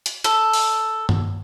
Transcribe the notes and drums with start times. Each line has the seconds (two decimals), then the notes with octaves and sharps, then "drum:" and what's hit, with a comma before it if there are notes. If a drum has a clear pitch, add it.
0.06 drum: hi-hat
0.24 A4, drum: hi-hat
0.53 drum: open hi-hat
1.09 drum: tom G2